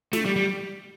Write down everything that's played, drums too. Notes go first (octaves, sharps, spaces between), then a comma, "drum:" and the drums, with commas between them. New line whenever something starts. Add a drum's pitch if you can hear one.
A3, drum: snare
G3
G3